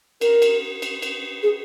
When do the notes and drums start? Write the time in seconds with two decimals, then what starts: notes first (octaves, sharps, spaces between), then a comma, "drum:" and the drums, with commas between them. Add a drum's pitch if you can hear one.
0.21 A#4, drum: cymbal
0.42 drum: cymbal
0.82 drum: cymbal
1.02 drum: cymbal
1.43 G#4